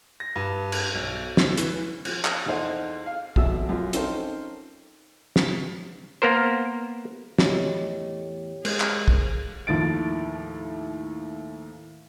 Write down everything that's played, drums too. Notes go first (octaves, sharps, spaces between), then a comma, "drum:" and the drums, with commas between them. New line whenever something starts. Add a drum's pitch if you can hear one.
A#6
G2
drum: cymbal
B1
D#2, drum: snare
E3, drum: hi-hat
F3, drum: cymbal
drum: clap
E2 D#4 A4 C5 D#5 F#5
F5
G#1 F2 B2 F#4 E5 E6, drum: kick
F#2 F4 F#4
C4 C#4 D#4 A4 A#4 C5, drum: hi-hat
drum: snare
A#3 B3 A#4 C5
E2 A2 A3 G4 C#5 D#5, drum: snare
G#3 G#4 A#4 C5 D#5, drum: cymbal
drum: clap
drum: kick
D#2 A2 F3 A6 D7